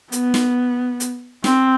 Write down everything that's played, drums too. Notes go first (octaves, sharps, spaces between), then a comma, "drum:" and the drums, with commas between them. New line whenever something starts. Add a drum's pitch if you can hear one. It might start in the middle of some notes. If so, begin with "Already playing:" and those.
B3, drum: hi-hat
drum: snare
drum: hi-hat
C4, drum: snare